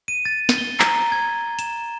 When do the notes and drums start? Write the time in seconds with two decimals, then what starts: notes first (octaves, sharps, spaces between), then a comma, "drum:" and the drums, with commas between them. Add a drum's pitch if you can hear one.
0.08 D#7
0.25 A6
0.49 drum: snare
0.58 G7
0.80 A#5, drum: clap
1.12 G#6
1.59 E7, drum: hi-hat